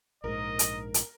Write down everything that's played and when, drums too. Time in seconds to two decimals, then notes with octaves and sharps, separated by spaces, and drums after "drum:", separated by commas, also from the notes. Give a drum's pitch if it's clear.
0.24 A#1 G#2 A#4 D#5
0.59 drum: hi-hat
0.94 drum: hi-hat